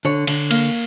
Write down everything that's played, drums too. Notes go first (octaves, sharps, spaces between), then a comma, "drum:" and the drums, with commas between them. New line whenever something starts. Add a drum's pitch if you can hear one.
D3 C#5
D3, drum: cymbal
A#3, drum: cymbal